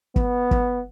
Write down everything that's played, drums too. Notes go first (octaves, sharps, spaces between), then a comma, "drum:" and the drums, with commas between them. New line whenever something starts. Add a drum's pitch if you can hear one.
B3, drum: kick
drum: kick